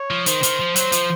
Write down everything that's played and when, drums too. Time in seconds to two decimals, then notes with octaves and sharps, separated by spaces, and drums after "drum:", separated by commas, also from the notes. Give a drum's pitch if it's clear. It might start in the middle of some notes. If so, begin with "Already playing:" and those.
Already playing: C#5
0.11 F3
0.26 D#3 C5, drum: hi-hat
0.43 D#3, drum: hi-hat
0.60 F3
0.76 F#3 C5, drum: hi-hat
0.92 F3, drum: hi-hat